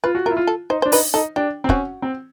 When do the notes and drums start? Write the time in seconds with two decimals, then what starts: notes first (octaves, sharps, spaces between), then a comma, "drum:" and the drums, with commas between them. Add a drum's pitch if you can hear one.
0.04 F4 B4
0.15 F#4
0.26 F4 A#4
0.31 E4
0.37 F4
0.47 A4
0.70 D#4 C5
0.82 D4 C5
0.92 D#4 B4, drum: open hi-hat
1.14 D#4 A4
1.36 D4 G4
1.64 C4
1.69 C#4 F#4, drum: kick
2.02 C4